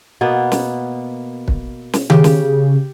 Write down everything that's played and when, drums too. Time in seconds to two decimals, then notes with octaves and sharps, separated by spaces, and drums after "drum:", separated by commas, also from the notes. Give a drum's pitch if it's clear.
0.21 B2 A#3 B3
0.52 drum: snare
1.48 drum: kick
1.93 drum: snare
2.10 C#3 G4, drum: tom D#3
2.24 drum: snare